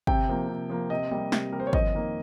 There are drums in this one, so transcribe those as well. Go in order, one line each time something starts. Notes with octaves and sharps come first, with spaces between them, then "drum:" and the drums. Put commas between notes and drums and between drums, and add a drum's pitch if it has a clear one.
C3 G5, drum: kick
F3 A#3
C3
F3 A#3
C3 D#5
G3 A#3
C3, drum: snare
G3 A#3 A#4
C5
C#5
F2 D#5, drum: kick
D#3 A#3